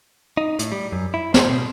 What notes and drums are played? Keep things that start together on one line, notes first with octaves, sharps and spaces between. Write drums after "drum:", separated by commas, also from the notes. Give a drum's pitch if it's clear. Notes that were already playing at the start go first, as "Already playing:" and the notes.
D#4
A2, drum: hi-hat
G3
F#2
E4
C5, drum: snare
B2